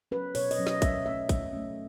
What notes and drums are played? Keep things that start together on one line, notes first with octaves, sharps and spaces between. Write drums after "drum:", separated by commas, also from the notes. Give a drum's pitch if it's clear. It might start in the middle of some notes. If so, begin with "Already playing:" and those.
F#3 C#4 B4
B2 C#5, drum: open hi-hat
D#5, drum: open hi-hat
F#3 C#4
D#5, drum: snare
F#3 E5, drum: kick, hi-hat
A3 C#4 E5
F#3, drum: kick, hi-hat
A3 C#4